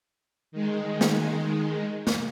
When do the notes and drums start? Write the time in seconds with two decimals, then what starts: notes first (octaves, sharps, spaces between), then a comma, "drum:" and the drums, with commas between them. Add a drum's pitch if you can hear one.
0.52 D#3 G#3
1.01 drum: snare A#3
2.07 drum: snare A#3